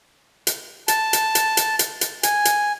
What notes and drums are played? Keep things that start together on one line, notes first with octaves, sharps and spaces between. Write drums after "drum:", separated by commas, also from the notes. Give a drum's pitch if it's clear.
drum: hi-hat
A5, drum: hi-hat
drum: hi-hat
drum: hi-hat
drum: hi-hat
drum: hi-hat
drum: hi-hat
G#5, drum: hi-hat
drum: hi-hat